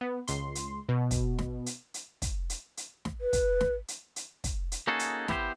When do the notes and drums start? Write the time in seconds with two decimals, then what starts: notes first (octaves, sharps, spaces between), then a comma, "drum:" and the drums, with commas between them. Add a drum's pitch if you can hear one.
0.01 B3
0.28 C#2 C6, drum: hi-hat
0.55 drum: hi-hat
0.89 B2
1.11 drum: kick, hi-hat
1.39 drum: snare
1.66 drum: hi-hat
1.94 drum: hi-hat
2.22 drum: kick, hi-hat
2.50 drum: hi-hat
2.77 drum: hi-hat
3.05 drum: snare
3.21 B4
3.33 drum: kick, hi-hat
3.61 drum: snare
3.88 drum: hi-hat
4.16 drum: hi-hat
4.44 drum: kick, hi-hat
4.72 drum: hi-hat
4.87 A#3 C#4 D#4 F#4 G#4 A4
4.99 drum: hi-hat
5.28 B3 E4 G4 A4 C5, drum: snare